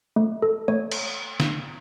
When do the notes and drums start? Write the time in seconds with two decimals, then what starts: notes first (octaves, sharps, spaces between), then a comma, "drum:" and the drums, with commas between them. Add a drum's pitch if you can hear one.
0.16 A3
0.42 A4
0.68 A3 C#5
0.92 drum: cymbal
1.40 drum: snare